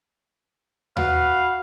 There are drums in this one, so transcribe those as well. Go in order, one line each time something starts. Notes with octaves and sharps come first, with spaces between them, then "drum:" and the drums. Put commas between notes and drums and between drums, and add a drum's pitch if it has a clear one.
F#4 B4 F5, drum: tom D#2